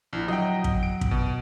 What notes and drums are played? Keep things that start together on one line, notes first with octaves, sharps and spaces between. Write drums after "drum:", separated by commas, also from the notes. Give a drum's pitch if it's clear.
A#1 E4
F#3 D#5 G5
drum: kick
D7
drum: kick
B2